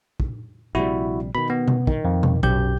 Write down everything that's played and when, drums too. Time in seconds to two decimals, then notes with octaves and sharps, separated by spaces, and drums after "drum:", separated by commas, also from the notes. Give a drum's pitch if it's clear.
0.20 drum: kick
0.75 A#1 C3 G3 E4 F#4
1.35 B2 D#3 B5
1.50 B3
1.68 drum: tom B2
1.87 D#3, drum: kick
2.05 F2
2.23 drum: tom B2
2.43 B1 F#2 G4 G6, drum: kick